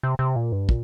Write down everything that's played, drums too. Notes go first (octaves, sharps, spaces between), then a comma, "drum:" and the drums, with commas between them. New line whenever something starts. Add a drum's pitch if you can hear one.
C3
C3
A#2
G2
A#2, drum: kick